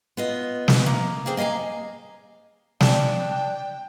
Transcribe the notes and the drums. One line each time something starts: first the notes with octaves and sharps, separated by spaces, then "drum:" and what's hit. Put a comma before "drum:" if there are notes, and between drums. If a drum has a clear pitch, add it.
B3 F4 D#5
drum: snare
A#3 A#5
A#3 C4 G#4 C5
A#3 D#5 F5 G#5 A#5
D4 G5, drum: snare